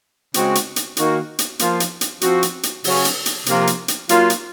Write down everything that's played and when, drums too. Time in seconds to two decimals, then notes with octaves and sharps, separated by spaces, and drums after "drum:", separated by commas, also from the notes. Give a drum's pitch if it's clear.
0.34 C#3 G#3 C4 F#4, drum: hi-hat
0.55 drum: hi-hat
0.76 drum: hi-hat
0.97 D#3 A#3 D#4 F#4, drum: hi-hat
1.39 drum: hi-hat
1.59 F3 A#3 F4, drum: hi-hat
1.80 drum: hi-hat
2.01 drum: hi-hat
2.21 F3 C4 F#4, drum: hi-hat
2.43 drum: hi-hat
2.63 drum: hi-hat
2.84 C#3 F#3 C#4, drum: open hi-hat
3.05 drum: hi-hat
3.26 drum: hi-hat
3.46 C3 F3 A#3 F4, drum: hi-hat
3.67 drum: hi-hat
3.88 drum: hi-hat
4.09 F#3 A#3 F4, drum: hi-hat
4.30 drum: hi-hat